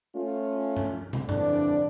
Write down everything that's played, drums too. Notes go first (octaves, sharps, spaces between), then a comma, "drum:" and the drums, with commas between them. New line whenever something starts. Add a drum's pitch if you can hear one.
A3 C#4 F4
drum: tom G2
drum: tom
F2 D3 E3 D4 D5, drum: tom G2